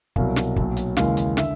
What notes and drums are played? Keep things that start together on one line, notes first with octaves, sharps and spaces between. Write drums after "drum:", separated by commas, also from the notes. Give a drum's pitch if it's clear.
C2 B2 F#3 F5, drum: kick
drum: snare
B1 A#2 F#3, drum: kick
drum: hi-hat
D#2 C#3 E3 G#3 F5, drum: snare
drum: hi-hat
D3 E5, drum: snare